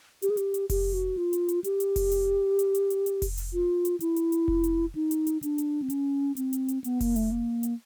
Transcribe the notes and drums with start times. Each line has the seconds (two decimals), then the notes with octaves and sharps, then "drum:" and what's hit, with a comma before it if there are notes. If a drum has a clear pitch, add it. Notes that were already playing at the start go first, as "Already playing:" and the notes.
0.22 G4, drum: hi-hat
0.30 G#4
0.37 G4, drum: hi-hat
0.54 drum: hi-hat
0.70 G4, drum: kick F1, open hi-hat
0.94 F#4
1.17 F4
1.33 drum: hi-hat
1.49 drum: hi-hat
1.64 G4, drum: hi-hat
1.80 drum: hi-hat
1.96 drum: kick F1, open hi-hat
2.12 drum: hi-hat
2.59 drum: hi-hat
2.75 drum: hi-hat
2.90 drum: hi-hat
3.06 drum: hi-hat
3.22 drum: kick F1, open hi-hat
3.38 drum: hi-hat
3.53 F4
3.85 drum: hi-hat
4.00 E4, drum: hi-hat
4.16 drum: hi-hat
4.32 drum: hi-hat
4.48 drum: kick F1
4.64 drum: hi-hat
4.95 D#4
5.11 drum: hi-hat
5.27 drum: hi-hat
5.43 D4, drum: hi-hat
5.58 drum: hi-hat
5.82 C4
5.90 C#4, drum: hi-hat
6.37 C4, drum: hi-hat
6.53 drum: hi-hat
6.68 drum: hi-hat
6.84 B3, drum: hi-hat
7.01 A#3, drum: kick F1, open hi-hat
7.16 A3, drum: hi-hat
7.32 A#3
7.63 drum: hi-hat